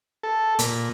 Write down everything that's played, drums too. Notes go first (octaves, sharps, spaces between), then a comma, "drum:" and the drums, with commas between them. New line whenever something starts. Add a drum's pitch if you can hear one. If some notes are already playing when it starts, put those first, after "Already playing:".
A4
A#2, drum: hi-hat